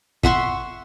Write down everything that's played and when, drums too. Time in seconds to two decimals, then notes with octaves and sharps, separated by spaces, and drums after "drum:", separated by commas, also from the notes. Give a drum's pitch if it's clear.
0.23 E5 F#5 C6 C#6, drum: kick